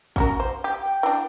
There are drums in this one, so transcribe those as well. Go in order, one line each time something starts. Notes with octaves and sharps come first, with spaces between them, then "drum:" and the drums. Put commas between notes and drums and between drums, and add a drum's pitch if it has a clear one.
C#4 F#4 A#4, drum: kick
C5
G4
G5
E3 D4